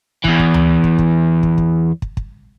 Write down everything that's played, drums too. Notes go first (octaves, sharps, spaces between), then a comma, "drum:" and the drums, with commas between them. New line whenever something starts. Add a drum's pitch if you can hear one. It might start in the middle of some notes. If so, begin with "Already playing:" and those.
E2 E3, drum: kick
drum: kick
drum: tom D2
drum: kick
drum: kick
drum: kick
drum: kick
drum: kick
drum: kick